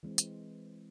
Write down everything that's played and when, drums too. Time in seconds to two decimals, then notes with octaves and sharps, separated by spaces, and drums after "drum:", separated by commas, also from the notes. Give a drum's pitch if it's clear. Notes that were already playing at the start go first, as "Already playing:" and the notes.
0.03 E3 G#3 C4
0.18 drum: hi-hat